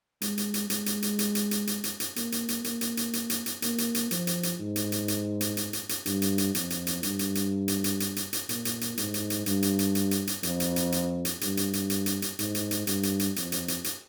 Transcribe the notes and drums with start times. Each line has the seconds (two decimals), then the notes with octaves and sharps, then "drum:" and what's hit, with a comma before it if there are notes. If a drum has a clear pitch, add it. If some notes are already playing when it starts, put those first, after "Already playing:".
0.22 G#3, drum: hi-hat
0.38 drum: hi-hat
0.54 drum: hi-hat
0.70 G#3, drum: hi-hat
0.86 drum: hi-hat
1.02 drum: hi-hat
1.19 drum: hi-hat
1.35 drum: hi-hat
1.51 drum: hi-hat
1.67 drum: hi-hat
1.84 drum: hi-hat
2.00 drum: hi-hat
2.16 A#3, drum: hi-hat
2.32 drum: hi-hat
2.48 drum: hi-hat
2.64 A#3, drum: hi-hat
2.81 drum: hi-hat
2.97 drum: hi-hat
3.13 drum: hi-hat
3.30 drum: hi-hat
3.46 drum: hi-hat
3.62 A#3, drum: hi-hat
3.78 drum: hi-hat
3.95 drum: hi-hat
4.11 F3, drum: hi-hat
4.27 drum: hi-hat
4.43 drum: hi-hat
4.60 G#2
4.76 drum: hi-hat
4.92 drum: hi-hat
5.08 drum: hi-hat
5.41 drum: hi-hat
5.57 drum: hi-hat
5.73 drum: hi-hat
5.89 drum: hi-hat
6.06 G2, drum: hi-hat
6.22 drum: hi-hat
6.38 drum: hi-hat
6.55 F2, drum: hi-hat
6.70 drum: hi-hat
6.87 drum: hi-hat
7.03 G2, drum: hi-hat
7.19 drum: hi-hat
7.35 drum: hi-hat
7.68 drum: hi-hat
7.84 drum: hi-hat
8.00 drum: hi-hat
8.16 drum: hi-hat
8.33 drum: hi-hat
8.49 A#2, drum: hi-hat
8.65 drum: hi-hat
8.81 drum: hi-hat
8.97 G#2, drum: hi-hat
9.14 drum: hi-hat
9.30 drum: hi-hat
9.46 G2, drum: hi-hat
9.62 drum: hi-hat
9.79 drum: hi-hat
9.95 drum: hi-hat
10.11 drum: hi-hat
10.27 drum: hi-hat
10.43 F2, drum: hi-hat
10.60 drum: hi-hat
10.76 drum: hi-hat
10.92 drum: hi-hat
11.25 drum: hi-hat
11.41 G2, drum: hi-hat
11.57 drum: hi-hat
11.73 drum: hi-hat
11.90 drum: hi-hat
12.06 drum: hi-hat
12.22 drum: hi-hat
12.39 G#2, drum: hi-hat
12.55 drum: hi-hat
12.71 drum: hi-hat
12.87 G2, drum: hi-hat
13.03 drum: hi-hat
13.19 drum: hi-hat
13.36 F2, drum: hi-hat
13.52 drum: hi-hat
13.68 drum: hi-hat
13.84 drum: hi-hat